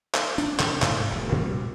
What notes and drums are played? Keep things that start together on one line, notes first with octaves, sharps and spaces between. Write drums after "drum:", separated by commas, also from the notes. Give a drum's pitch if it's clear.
drum: clap
D4, drum: tambourine
C3, drum: clap
G#2, drum: clap
E1 D2
A#2 G3